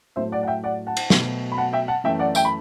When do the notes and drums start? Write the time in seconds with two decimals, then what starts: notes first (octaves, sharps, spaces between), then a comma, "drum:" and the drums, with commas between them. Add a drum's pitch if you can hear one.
0.16 A2 F#3 A3 C5 E5
0.32 D5 F#5
0.43 F#5
0.48 E5 G5
0.64 D5 F#5
0.87 F#5 A5
0.97 drum: cymbal
1.10 B2 F#3 A3, drum: snare
1.52 B5
1.58 F#5 A5
1.73 E5 G5
1.88 F#5 A5
2.04 F#2 E3 A3 E5 G5
2.19 D5 F#5
2.35 E5 G5, drum: tambourine
2.45 B5